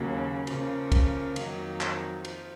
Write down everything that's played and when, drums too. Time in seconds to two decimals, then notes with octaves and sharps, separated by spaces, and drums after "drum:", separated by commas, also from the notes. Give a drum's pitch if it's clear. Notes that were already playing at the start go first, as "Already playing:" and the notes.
Already playing: D#2 C#3 F#3 A#3
0.47 C#3 F3 A#3, drum: cymbal
0.92 drum: kick, cymbal
1.36 F2 D#3 F#3 A#3 D#4, drum: cymbal
1.81 drum: clap
2.25 F3, drum: cymbal